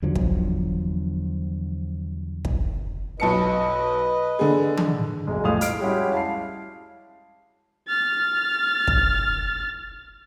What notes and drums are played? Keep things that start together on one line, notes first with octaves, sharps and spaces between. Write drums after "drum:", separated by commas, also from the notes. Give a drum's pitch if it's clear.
E2 D3 F3 F#3
drum: kick
drum: kick
B1 B4 D#5 A5 C#7
D3 G#4
drum: tom D#3
F#1 B1 G#3
F2 A2 F5 D#6 F7
D#6 F6 C7 D7, drum: hi-hat
G3 G#3 C#4 E4 F#4 G4
F5 A5 C7
F6 A6
drum: kick